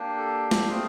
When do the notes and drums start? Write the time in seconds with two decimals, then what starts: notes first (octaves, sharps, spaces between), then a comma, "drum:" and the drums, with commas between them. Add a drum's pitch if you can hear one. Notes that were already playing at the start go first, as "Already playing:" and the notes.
Already playing: A#3 D4 G4
0.17 A4
0.51 drum: snare
0.69 A3 C4 F4 G#4